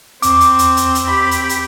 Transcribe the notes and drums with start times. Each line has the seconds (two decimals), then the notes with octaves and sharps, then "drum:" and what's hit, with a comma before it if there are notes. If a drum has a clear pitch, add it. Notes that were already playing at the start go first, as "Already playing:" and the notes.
0.22 E2 C4 D6, drum: hi-hat
0.41 drum: hi-hat
0.59 drum: hi-hat
0.77 drum: hi-hat
0.95 drum: hi-hat
1.05 G4 B5
1.31 drum: hi-hat
1.49 drum: hi-hat